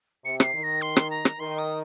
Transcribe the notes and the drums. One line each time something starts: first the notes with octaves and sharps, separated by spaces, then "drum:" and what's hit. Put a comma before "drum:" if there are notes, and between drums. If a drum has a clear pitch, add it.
C3 C#7
C#7, drum: rim click
C7
D#3
A#6
C6
drum: rim click
A#5
drum: rim click
D#3 C6
D#6